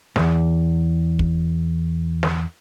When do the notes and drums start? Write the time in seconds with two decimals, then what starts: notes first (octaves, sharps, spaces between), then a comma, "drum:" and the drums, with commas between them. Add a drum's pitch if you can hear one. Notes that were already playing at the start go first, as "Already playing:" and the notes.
0.16 E2 G#2, drum: snare
1.19 drum: kick
2.23 drum: snare